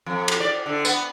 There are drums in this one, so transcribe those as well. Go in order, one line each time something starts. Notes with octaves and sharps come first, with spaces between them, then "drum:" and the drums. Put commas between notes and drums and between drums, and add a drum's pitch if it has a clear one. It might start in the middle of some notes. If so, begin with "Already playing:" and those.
F2
drum: cymbal
D5
D3
B3, drum: tambourine